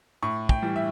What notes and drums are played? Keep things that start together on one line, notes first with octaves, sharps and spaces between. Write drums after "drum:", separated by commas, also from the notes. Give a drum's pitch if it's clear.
A2 C#6
G5, drum: kick
E3 G3
E5